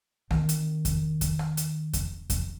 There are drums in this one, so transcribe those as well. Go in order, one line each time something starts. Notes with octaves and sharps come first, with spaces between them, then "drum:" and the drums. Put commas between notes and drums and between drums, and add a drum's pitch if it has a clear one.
D#3 C4, drum: rim click
drum: hi-hat
drum: kick E2, hi-hat
drum: kick E2, hi-hat
drum: rim click
drum: hi-hat
drum: kick E2, hi-hat
drum: kick E2, hi-hat